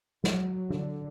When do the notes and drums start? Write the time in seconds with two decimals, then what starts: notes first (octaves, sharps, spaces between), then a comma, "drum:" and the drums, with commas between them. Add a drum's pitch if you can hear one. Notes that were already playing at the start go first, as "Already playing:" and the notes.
0.24 F#3, drum: snare
0.70 D3, drum: tom F#3